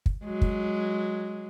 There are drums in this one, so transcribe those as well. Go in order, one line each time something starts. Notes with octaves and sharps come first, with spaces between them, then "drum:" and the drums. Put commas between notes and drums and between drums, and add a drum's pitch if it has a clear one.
drum: kick
F#3 G#3
drum: kick